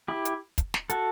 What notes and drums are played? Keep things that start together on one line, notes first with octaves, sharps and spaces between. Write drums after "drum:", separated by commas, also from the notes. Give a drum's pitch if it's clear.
E4 G4
drum: hi-hat
drum: kick, hi-hat
drum: snare
F#4 A4, drum: hi-hat